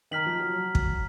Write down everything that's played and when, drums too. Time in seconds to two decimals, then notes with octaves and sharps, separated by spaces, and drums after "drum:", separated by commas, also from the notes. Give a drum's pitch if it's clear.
0.11 D#3 A#5 F6 B6 F#7
0.26 F3
0.39 F#3
0.53 F#3
0.75 drum: kick